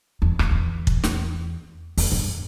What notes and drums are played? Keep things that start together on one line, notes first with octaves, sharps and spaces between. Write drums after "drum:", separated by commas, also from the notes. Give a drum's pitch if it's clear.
E2
E2, drum: rim click
E2
drum: kick
drum: snare
E2, drum: open hi-hat
G2